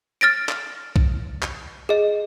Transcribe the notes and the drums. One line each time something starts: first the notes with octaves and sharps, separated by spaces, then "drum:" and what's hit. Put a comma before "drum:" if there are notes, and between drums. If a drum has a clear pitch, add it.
F6 A6 A#6 D7
drum: clap
drum: kick
drum: clap
G#4 D#5